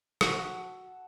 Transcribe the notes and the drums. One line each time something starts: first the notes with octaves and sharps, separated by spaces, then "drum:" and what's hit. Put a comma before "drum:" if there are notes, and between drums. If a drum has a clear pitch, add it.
F#4 A4 F#5 A5 C#6, drum: rim click